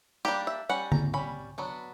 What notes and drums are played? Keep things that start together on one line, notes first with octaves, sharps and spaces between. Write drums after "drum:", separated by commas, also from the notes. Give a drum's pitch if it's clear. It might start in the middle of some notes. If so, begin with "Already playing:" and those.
G3 A#3 D4 G4
E5
G3 C#4 F#5
A#5, drum: tom D3
G3 C#4 B5
F#3 B3 D4